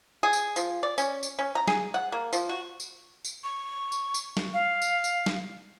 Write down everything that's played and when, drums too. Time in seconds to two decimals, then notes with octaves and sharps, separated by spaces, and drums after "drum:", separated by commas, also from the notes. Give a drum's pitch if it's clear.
0.23 G#4
0.33 drum: tambourine
0.56 F3, drum: tambourine
0.83 D5
0.98 C#4, drum: tambourine
1.23 drum: tambourine
1.39 C#4
1.55 A#5
1.68 G#4, drum: snare
1.94 F#5
2.12 A#3
2.33 F3, drum: tambourine
2.49 F#4
2.80 drum: tambourine
3.25 drum: tambourine
3.44 C#6
3.92 drum: tambourine
4.14 drum: tambourine
4.37 drum: snare
4.54 F5
4.82 drum: tambourine
5.04 drum: tambourine
5.26 drum: snare